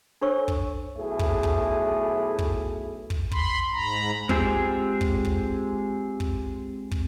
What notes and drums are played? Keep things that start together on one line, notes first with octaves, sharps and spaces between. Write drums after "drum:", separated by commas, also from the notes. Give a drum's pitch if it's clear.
D4 A4 C5 C#5 C#6 E6
drum: kick
B1 A3 E4 G#4
drum: kick
drum: kick
drum: kick
drum: kick
B5 C6, drum: kick
G#2 A#5 B5
G#3 C4 F4 G4 G#4, drum: kick
drum: kick
drum: kick
drum: kick
drum: kick